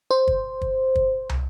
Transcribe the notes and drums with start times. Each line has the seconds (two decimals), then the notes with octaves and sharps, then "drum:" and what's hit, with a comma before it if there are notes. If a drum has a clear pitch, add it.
0.11 C5
0.28 drum: kick
0.61 drum: kick
0.95 drum: kick
1.29 drum: tom